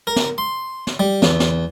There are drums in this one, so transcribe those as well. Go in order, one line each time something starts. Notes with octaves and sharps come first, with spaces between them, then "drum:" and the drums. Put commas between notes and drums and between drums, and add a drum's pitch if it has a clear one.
A#4
drum: snare
C6
drum: snare
G3
E2, drum: snare
drum: snare